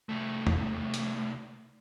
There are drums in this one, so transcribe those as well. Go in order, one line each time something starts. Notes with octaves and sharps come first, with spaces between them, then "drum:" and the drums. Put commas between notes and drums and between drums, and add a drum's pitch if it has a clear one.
C2 A3
drum: tom E2
drum: hi-hat